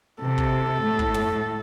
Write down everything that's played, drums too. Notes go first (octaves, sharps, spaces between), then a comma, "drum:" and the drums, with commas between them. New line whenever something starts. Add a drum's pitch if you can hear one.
C3 A4
drum: kick
A2
drum: kick
drum: tom